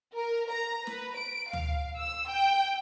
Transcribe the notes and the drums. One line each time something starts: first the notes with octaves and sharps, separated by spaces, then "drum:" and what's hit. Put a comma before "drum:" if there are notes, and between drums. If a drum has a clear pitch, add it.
A#4
A#5
B4, drum: snare
D7
F5, drum: tom D2
E6
G5